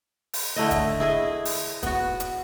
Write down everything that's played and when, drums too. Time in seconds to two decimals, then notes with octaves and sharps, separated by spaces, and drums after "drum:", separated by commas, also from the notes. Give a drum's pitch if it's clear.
0.34 drum: open hi-hat
0.56 D3 A3 E4 D#5
0.71 drum: kick, hi-hat
1.00 E4 G#4 D#5
1.45 drum: open hi-hat
1.83 B3 F#4, drum: kick, hi-hat
2.20 drum: hi-hat